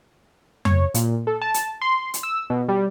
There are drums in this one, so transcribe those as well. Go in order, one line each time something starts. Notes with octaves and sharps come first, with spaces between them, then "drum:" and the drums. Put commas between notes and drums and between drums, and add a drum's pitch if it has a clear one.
C#5, drum: tom F2
A#2, drum: hi-hat
A4
A5
drum: hi-hat
C6
drum: hi-hat
E6
B2
G3